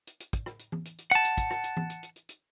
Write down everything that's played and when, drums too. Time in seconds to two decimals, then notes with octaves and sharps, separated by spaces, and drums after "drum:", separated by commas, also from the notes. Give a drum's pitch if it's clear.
0.07 drum: hi-hat
0.20 drum: hi-hat
0.33 drum: kick, hi-hat
0.46 drum: rim click
0.59 drum: hi-hat
0.72 drum: tom E3
0.85 drum: hi-hat
0.98 drum: hi-hat
1.11 F#5 A5, drum: hi-hat
1.24 drum: hi-hat
1.38 drum: kick, hi-hat
1.51 drum: rim click
1.64 drum: hi-hat
1.77 drum: tom E3
1.90 drum: hi-hat
2.03 drum: hi-hat
2.16 drum: hi-hat
2.29 drum: hi-hat